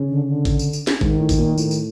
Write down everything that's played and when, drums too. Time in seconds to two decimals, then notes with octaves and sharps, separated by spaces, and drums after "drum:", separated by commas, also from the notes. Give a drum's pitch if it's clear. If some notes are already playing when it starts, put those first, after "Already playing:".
Already playing: C#3
0.09 D3
0.27 D3
0.45 drum: kick, tambourine
0.59 drum: tambourine
0.73 drum: tambourine
0.87 drum: snare
1.01 G#2 D#3, drum: kick
1.19 A2
1.29 drum: kick, tambourine
1.39 A#2
1.58 A2, drum: tambourine
1.71 drum: tambourine